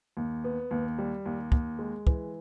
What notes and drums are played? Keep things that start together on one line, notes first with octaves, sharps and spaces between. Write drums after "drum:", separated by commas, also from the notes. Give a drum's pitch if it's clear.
D#2
B3
D#2
G3
D#2
D#2, drum: kick
G#3
E3, drum: kick